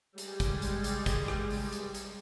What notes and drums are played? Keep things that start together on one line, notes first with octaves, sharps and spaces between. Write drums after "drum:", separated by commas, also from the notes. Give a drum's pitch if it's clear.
G3 G#3 G#4, drum: hi-hat
drum: kick, hi-hat
drum: hi-hat
drum: hi-hat
drum: kick, hi-hat
drum: rim click
drum: open hi-hat
drum: hi-hat
drum: hi-hat